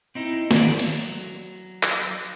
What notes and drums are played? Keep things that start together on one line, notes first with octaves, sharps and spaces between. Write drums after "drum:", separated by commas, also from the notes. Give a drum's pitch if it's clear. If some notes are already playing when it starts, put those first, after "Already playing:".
C4 D#4 E4
D#3 E3 G#3 B3 A4 D5, drum: snare
F#3, drum: open hi-hat
drum: clap